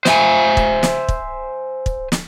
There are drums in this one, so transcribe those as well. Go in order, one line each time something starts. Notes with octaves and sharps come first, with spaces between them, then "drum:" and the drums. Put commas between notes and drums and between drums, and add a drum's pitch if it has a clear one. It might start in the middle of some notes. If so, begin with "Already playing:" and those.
C5 E5 G#5, drum: snare
drum: kick
drum: snare
drum: kick
drum: kick
drum: snare